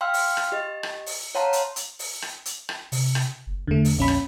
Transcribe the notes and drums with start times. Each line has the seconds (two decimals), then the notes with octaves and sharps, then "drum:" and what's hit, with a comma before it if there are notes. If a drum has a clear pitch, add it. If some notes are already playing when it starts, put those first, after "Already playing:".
0.01 F5 G5 C6 E6 F6
0.14 drum: open hi-hat
0.37 drum: rim click
0.52 G4 D#5
0.83 drum: rim click
1.06 drum: open hi-hat
1.35 C#5 F5 F#5 A5 A#5 C6
1.53 drum: hi-hat
1.76 drum: hi-hat
1.99 drum: open hi-hat
2.22 drum: rim click
2.45 drum: hi-hat
2.69 drum: rim click
2.92 C3, drum: open hi-hat
3.15 drum: rim click
3.47 F#1
3.67 E2 D3 A3
3.85 drum: open hi-hat
3.99 A#1 C#4 B5
4.08 drum: rim click